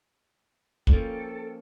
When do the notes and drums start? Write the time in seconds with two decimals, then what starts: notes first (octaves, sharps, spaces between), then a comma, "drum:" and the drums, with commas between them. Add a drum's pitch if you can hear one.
0.87 F3 A#3 C#4 A4 G5, drum: kick